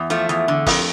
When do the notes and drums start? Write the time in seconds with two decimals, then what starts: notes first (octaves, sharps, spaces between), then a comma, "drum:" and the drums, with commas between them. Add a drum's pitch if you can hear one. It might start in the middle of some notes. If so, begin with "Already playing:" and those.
Already playing: E2
0.10 F3 A3, drum: hi-hat
0.29 E2, drum: hi-hat
0.48 D3
0.67 F2, drum: kick, open hi-hat